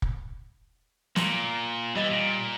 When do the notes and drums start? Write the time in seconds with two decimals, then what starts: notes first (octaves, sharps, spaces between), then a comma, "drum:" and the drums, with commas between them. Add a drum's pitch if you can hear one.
0.02 drum: kick
1.16 A#2, drum: snare
1.95 E3 G3 D#5 A6
2.11 A#2